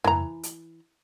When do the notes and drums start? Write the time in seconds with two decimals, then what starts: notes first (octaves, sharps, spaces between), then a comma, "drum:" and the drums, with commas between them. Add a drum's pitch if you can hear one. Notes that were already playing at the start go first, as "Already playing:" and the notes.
0.04 E3 A#5, drum: tom F2
0.43 drum: hi-hat